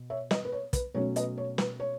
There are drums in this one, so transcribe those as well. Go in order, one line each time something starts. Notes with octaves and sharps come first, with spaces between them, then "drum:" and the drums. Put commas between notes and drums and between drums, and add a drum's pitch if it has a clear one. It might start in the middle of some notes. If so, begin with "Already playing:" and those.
Already playing: B2
C#5 E5
B4 D#5, drum: snare
B4
C#5
B4, drum: kick, hi-hat
B2 F#3 A3 C#4 C#5
B4 D#5, drum: hi-hat
C#5
B4, drum: snare
C#5